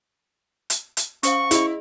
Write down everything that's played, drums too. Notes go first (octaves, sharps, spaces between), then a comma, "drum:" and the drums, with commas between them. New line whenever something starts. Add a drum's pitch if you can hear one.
drum: hi-hat
drum: hi-hat
C#4 C5 F5 C#6, drum: hi-hat
E4 G#4 D#5, drum: hi-hat